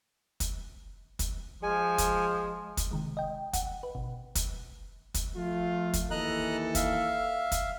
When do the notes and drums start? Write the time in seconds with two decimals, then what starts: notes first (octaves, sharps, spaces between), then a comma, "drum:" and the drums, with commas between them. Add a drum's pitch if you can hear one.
0.40 drum: kick, hi-hat
1.19 drum: kick, hi-hat
1.63 F3 G#3 G#5
1.98 drum: kick, hi-hat
2.77 drum: kick, hi-hat
2.91 C3 D#3 G#3
3.17 D#5 G5
3.53 F#5, drum: kick, hi-hat
3.83 B4
3.95 G#1 B2
4.35 drum: kick, hi-hat
5.14 drum: kick, hi-hat
5.36 F3 A3 F4
5.93 drum: kick, hi-hat
6.11 D#2 E3 A4 D#5 A#5 F#6
6.75 E5 F5, drum: kick, hi-hat
7.52 drum: kick, hi-hat